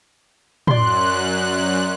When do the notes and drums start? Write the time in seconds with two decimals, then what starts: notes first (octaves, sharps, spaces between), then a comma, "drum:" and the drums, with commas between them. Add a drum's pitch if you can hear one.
0.67 F#2 D5 C6 F#6, drum: tom